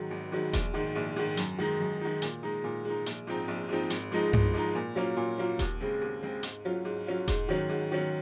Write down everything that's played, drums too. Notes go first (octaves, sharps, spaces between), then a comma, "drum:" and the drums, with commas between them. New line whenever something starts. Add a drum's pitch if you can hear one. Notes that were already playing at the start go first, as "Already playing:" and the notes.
Already playing: G#2 D#3 F#3
G#1
G#2 D#3 F#3
A#1, drum: kick E1, hi-hat
G#2 D#3
A#1
G#2 D#3
F#2, drum: hi-hat
D#3 G#3 D#4
F#2
D#3 G#3 D#4
A#2, drum: hi-hat
G#3 D#4
A#2
G#3 D#4
A#1, drum: hi-hat
G#2 F3 C4 D#4
A#1
G#2 F3 C4 D#4
G#1, drum: hi-hat
G#2 F3 G#3 D#4
G#1, drum: tom G2
G#2 F3 G#3 D#4
A#2
F#3 A#3 C#4 F4
A#2
F#3 A#3 C#4 F4
D#2, drum: kick E1, hi-hat
C#3 G#3 C4
D#2
C#3 G#3 C4
G#2, drum: hi-hat
F#3 C#4 F4
G#2
F#3 C#4 F4
G#2, drum: kick E1, hi-hat
D#3 F#3 C#4
G#2
D#3 F#3 C#4